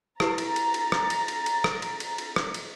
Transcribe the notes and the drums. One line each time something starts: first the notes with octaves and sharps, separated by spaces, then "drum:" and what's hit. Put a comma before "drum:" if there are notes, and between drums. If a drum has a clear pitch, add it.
E4 G4 B4 A#5 A6, drum: rim click
drum: cymbal
drum: cymbal
drum: cymbal
drum: rim click
drum: cymbal
drum: cymbal
drum: cymbal
drum: rim click
drum: cymbal
drum: cymbal
drum: cymbal
drum: rim click
drum: cymbal